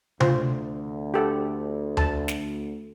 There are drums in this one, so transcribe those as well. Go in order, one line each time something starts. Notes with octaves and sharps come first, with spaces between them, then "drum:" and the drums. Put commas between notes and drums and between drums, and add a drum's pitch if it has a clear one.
D2 F4 C5, drum: tom C3
G4 A4 F#5
A4 A5, drum: tom D2
drum: snare